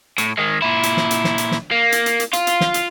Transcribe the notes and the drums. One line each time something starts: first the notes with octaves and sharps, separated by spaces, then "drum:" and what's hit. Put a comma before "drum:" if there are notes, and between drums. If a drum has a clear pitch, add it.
A2, drum: hi-hat
D#3 G#3
A#2 E4
drum: hi-hat
drum: snare
drum: hi-hat
drum: snare
drum: hi-hat
drum: snare
A#3
drum: hi-hat
drum: hi-hat
drum: hi-hat
F4, drum: hi-hat
drum: hi-hat
drum: snare
drum: hi-hat